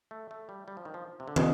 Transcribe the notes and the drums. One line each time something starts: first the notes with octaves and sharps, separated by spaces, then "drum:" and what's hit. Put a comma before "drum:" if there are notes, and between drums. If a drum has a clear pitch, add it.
A3
A3
G3
G3
F3
D#3
F3
C3
D3
D#3, drum: tom